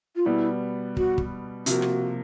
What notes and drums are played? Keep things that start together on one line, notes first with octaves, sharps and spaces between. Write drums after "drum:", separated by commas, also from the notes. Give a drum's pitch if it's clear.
F4
B2 G3 B3 E4
F#4, drum: kick
drum: kick
C3 F3 A#3 F#4, drum: hi-hat
drum: snare